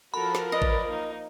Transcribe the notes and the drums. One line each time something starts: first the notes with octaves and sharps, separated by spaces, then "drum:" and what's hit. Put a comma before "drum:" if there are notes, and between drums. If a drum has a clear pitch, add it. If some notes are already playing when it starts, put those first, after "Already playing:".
F3 F#4 A4 A#4 B5
drum: snare
B4 D5 D#5
drum: kick A1
A#3 D#4